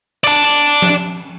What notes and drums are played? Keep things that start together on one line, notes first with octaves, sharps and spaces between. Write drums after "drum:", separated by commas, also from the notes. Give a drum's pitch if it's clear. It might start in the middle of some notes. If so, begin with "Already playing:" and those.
D5 A5, drum: cymbal
drum: hi-hat
drum: tom F3